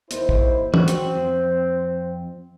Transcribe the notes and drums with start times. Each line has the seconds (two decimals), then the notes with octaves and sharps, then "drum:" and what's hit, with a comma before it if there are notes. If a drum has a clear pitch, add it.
0.11 D#2 E4 C5, drum: hi-hat
0.29 drum: kick
0.74 C4 F#4, drum: tom
0.88 drum: hi-hat
1.15 F2